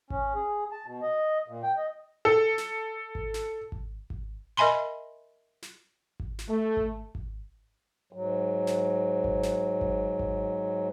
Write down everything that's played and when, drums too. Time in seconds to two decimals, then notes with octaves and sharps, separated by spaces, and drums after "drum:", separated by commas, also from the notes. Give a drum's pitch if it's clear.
0.10 C#4, drum: kick G#1
0.35 G#4
0.72 A5
0.85 B2
1.02 D#5
1.48 A#2
1.63 G5
1.77 D#5
2.25 A4
2.58 drum: snare
3.15 drum: kick G#1
3.34 drum: snare
3.72 drum: kick G#1
4.10 drum: kick G#1
4.57 A#4 D#5 E5 G#5 B5 C6
5.62 drum: snare
6.20 drum: kick G#1
6.39 drum: snare
6.48 A3
6.77 drum: kick G#1
7.15 drum: kick G#1
8.13 G#2 F#3
8.67 drum: snare
9.24 drum: kick G#1
9.43 drum: snare
9.81 drum: kick G#1
10.19 drum: kick G#1